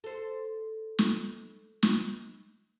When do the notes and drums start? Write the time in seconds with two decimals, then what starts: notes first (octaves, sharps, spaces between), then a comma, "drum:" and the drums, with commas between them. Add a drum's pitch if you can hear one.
0.04 A4 C5
0.99 drum: snare
1.83 drum: snare